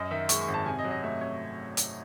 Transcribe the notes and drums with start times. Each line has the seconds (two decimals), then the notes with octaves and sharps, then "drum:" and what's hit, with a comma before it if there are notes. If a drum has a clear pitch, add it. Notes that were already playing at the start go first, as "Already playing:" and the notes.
Already playing: F#2 D#5
0.11 D#3 E5
0.29 G#3 C#6, drum: hi-hat
0.42 C#6
0.48 G#1
0.54 A5
0.66 C3 G#5
0.79 D#5
0.85 F#3
0.91 D#5
1.03 A3 E5
1.21 C#5
1.77 drum: hi-hat